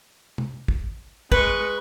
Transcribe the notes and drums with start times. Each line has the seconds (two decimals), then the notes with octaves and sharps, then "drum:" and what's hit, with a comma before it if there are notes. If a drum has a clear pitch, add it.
0.38 drum: tom
0.68 drum: kick
1.32 G#3 B4 C#6, drum: kick